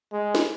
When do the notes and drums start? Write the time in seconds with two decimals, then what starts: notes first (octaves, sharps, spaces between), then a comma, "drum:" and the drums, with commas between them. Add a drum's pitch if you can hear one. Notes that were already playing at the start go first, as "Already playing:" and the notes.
0.12 G#3
0.35 drum: snare